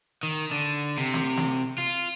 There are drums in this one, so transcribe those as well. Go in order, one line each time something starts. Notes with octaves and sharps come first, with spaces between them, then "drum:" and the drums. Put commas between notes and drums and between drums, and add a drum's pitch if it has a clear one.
D#3
D3
C3, drum: hi-hat
drum: snare
drum: snare
F4, drum: hi-hat